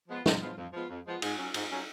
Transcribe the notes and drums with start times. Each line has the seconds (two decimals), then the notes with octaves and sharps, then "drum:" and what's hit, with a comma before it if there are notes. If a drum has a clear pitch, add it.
0.08 F3 G#3 B3 F4
0.26 F2, drum: snare
0.41 F3 G#3 B3 F4
0.57 F2
0.73 F3 G#3 B3 F4
0.89 F2
1.05 F3 G#3 B3 F4
1.22 G#2, drum: cymbal
1.38 F#3 C#4
1.54 G#2, drum: cymbal
1.71 F#3 C#4